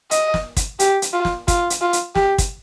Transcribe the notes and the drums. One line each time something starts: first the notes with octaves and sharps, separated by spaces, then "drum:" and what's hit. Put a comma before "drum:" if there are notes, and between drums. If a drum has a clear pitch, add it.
D#5, drum: hi-hat
drum: snare
drum: kick, hi-hat
G4, drum: hi-hat
drum: hi-hat
F4
drum: snare
F4, drum: kick, hi-hat
drum: hi-hat
F4
drum: hi-hat
G4, drum: snare
drum: kick, hi-hat